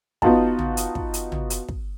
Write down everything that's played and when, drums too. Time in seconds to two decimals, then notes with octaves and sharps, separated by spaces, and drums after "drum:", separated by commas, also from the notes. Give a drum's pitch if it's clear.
0.22 B3 D#4 F4 F#4 A5, drum: kick
0.59 drum: tom
0.77 drum: hi-hat
0.95 drum: kick
1.14 drum: hi-hat
1.32 drum: tom
1.50 drum: hi-hat
1.69 drum: kick